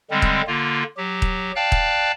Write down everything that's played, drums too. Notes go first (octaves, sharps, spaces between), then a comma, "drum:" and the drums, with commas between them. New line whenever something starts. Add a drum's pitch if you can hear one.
D3 G3 G#3 C4
drum: kick D#1
D3 A#3 F4
F#3 G4
drum: kick D#1
D5 F5 G5 A5 F#6
drum: kick D#1